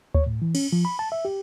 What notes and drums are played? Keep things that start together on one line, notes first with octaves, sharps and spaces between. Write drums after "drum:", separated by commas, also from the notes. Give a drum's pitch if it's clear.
C#5, drum: kick D2
A2
E3
C#4, drum: cymbal
F3
B5
A5
E5
G4